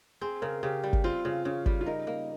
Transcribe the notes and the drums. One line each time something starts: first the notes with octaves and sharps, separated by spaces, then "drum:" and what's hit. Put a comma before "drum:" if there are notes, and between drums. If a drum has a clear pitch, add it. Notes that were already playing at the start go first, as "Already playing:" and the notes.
C4 G#4
C#3 A#4
C#3 G4
G3
drum: kick G#1
C4 F4
C#3 F4
C#3 C#4
G3, drum: kick G#1
F4
D#4 A#4
A#3